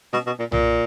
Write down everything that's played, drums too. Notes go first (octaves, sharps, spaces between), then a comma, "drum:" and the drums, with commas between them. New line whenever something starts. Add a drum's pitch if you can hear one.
B2, drum: snare C#4
B2
A#2
A#2, drum: tom B1